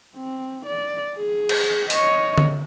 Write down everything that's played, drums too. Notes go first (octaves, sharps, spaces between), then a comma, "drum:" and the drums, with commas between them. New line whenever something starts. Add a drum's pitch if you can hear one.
C4
D5
G#4
drum: cymbal
C#5 D#5, drum: open hi-hat
drum: tom D3